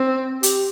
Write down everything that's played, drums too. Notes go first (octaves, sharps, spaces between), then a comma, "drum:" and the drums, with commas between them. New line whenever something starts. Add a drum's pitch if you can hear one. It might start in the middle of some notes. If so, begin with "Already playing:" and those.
Already playing: C4
G4, drum: hi-hat